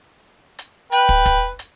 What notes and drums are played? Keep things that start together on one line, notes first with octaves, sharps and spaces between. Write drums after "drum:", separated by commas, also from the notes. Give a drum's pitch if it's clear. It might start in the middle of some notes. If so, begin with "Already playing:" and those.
drum: hi-hat
B4 G5, drum: hi-hat
drum: kick
drum: kick, hi-hat
drum: hi-hat